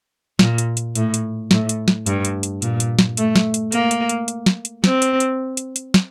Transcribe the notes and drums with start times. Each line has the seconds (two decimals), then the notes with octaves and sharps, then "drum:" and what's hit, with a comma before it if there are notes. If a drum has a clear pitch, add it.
0.39 A#2, drum: snare
0.58 drum: hi-hat
0.77 drum: hi-hat
0.95 A2, drum: hi-hat
1.14 drum: hi-hat
1.51 A2, drum: snare
1.69 drum: hi-hat
1.88 drum: snare
2.06 G2, drum: hi-hat
2.25 drum: hi-hat
2.43 drum: hi-hat
2.62 A#2, drum: hi-hat
2.80 drum: hi-hat
2.99 drum: snare
3.17 A3, drum: hi-hat
3.36 drum: snare
3.54 drum: hi-hat
3.72 A#3, drum: hi-hat
3.91 drum: hi-hat
4.09 drum: hi-hat
4.28 drum: hi-hat
4.46 drum: snare
4.65 drum: hi-hat
4.84 C4, drum: snare
5.02 drum: hi-hat
5.20 drum: hi-hat
5.57 drum: hi-hat
5.76 drum: hi-hat
5.94 drum: snare